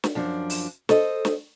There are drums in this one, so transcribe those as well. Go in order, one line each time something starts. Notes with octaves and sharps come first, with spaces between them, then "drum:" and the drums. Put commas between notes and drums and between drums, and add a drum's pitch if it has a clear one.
drum: snare
F#2 F3 D4
drum: open hi-hat
A4 C5 D#5, drum: snare
drum: snare